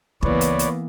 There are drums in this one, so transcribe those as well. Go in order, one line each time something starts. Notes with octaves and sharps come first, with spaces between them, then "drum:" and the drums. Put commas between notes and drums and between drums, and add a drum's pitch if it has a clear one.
C#2 C#3 E3 A#3 B3 B4 C#5 D5, drum: kick
drum: hi-hat
drum: hi-hat